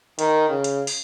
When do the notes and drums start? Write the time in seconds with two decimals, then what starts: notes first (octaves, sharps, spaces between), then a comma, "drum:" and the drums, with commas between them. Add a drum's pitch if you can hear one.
0.19 D#3, drum: hi-hat
0.49 C#3
0.64 drum: hi-hat
0.87 drum: open hi-hat